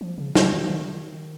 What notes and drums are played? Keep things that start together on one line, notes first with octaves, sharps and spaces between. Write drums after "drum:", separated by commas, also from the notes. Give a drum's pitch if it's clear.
F3
C#3
C#3, drum: snare
D#3
D#3